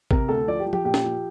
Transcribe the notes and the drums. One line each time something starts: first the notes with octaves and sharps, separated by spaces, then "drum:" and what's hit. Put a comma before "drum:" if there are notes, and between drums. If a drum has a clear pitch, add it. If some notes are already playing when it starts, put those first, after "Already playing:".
C3 A#4, drum: kick
D2 A4
F3 D5
G4
F3
G4, drum: tom F3
A#2 G4
drum: snare C#4
F3